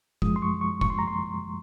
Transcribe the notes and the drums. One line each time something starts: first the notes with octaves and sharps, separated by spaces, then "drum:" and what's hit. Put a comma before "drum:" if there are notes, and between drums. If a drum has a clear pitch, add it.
F#2 F3 G#3 D#6, drum: kick F1
C6
C#6
C#6
C#6, drum: kick F1
C6
A#5
C6